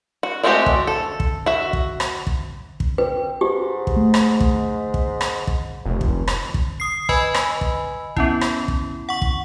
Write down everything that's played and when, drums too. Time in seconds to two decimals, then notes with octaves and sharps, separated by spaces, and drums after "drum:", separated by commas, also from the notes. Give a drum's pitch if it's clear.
0.23 F#4
0.43 G#3 A3 C4 F#4 G4
0.66 drum: kick
0.87 A4
1.20 drum: kick
1.46 F#4 E5
1.73 drum: kick
2.00 drum: rim click
2.27 drum: kick
2.80 drum: kick
2.98 C4 B4
3.41 G#2 G4
3.87 drum: kick
3.96 A3
4.14 drum: rim click
4.40 drum: kick
4.94 drum: kick
5.21 drum: rim click
5.47 drum: kick
5.86 F1
6.01 drum: kick
6.28 drum: rim click
6.54 drum: kick
6.80 D#6 C7
7.09 B4 D#5 G#5 B5 E6, drum: kick
7.34 drum: rim click
7.61 drum: kick
8.16 B3 C#4 E4, drum: kick
8.41 drum: rim click
8.68 drum: kick
9.09 F#5 C#6
9.22 drum: kick